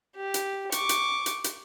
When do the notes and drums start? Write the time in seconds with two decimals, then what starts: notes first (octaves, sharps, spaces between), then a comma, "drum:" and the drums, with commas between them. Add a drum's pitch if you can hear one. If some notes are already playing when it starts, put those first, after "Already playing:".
0.16 G4
0.34 drum: hi-hat
0.72 C#6 D6, drum: hi-hat
0.89 drum: hi-hat
1.26 drum: hi-hat
1.44 drum: hi-hat